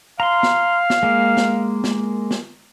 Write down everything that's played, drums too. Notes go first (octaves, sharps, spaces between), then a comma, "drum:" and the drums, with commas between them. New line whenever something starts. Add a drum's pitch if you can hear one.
F5 A#5 C6
drum: snare
drum: snare
G#3 A#3
drum: snare
drum: snare
drum: snare